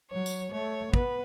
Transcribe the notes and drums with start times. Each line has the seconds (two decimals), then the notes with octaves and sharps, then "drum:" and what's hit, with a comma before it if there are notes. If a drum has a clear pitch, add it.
0.11 F#3 C#5
0.26 drum: tambourine
0.53 A3 C#5
0.94 B3 B4, drum: kick